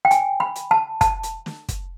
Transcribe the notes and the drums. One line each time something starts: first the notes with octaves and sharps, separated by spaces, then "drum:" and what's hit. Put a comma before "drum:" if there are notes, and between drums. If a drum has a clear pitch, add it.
G5
G#5, drum: hi-hat
B5
drum: hi-hat
A5
A5, drum: kick, hi-hat
drum: hi-hat
drum: snare
drum: kick, hi-hat